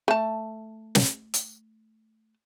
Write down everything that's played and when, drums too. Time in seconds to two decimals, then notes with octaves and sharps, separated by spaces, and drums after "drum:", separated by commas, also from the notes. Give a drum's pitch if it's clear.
0.08 A3 A5
0.95 drum: snare
1.34 drum: hi-hat